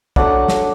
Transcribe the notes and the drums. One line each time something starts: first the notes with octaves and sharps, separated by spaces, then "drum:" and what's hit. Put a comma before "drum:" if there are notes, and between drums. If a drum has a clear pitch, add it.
F#3 A3 D4 D5 F#5, drum: kick
drum: snare